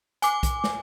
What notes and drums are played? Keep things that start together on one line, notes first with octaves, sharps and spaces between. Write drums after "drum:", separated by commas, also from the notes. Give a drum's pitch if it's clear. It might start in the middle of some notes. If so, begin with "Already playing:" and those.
G#5 D6, drum: hi-hat
drum: kick B1, hi-hat
drum: snare